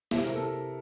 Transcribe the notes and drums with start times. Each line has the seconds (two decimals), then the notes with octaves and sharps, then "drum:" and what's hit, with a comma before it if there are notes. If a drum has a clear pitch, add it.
0.11 C3 E4, drum: snare
0.24 A#4
0.27 C3, drum: hi-hat
0.35 A4